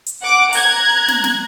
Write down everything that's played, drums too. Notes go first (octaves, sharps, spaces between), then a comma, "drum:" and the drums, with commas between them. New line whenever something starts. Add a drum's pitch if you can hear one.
drum: hi-hat
F#5 D6
A#5 F#6 G#6, drum: open hi-hat
drum: snare
drum: snare